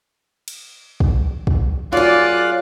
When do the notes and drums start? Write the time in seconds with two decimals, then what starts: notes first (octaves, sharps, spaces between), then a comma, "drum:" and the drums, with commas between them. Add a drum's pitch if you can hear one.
0.48 drum: cymbal
1.00 drum: kick
1.47 drum: kick
1.93 F#2 F4 F#4 G#4 D5 F5 F#6